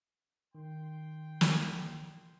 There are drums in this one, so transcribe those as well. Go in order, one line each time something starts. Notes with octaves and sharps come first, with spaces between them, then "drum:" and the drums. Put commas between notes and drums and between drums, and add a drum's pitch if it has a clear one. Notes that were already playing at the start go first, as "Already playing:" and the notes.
D#3 G5 C6
drum: snare